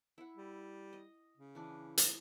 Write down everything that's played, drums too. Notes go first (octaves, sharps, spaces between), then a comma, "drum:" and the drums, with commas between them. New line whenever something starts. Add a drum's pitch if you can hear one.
E4 F#5
G3
D#5
C#3
E3 D4
drum: hi-hat